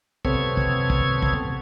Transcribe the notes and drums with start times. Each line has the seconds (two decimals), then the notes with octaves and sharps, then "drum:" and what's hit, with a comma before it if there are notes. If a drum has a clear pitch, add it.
0.25 C3 B3 C4 A4 C#5 G#6, drum: kick
0.57 drum: kick
0.90 drum: kick
1.23 drum: kick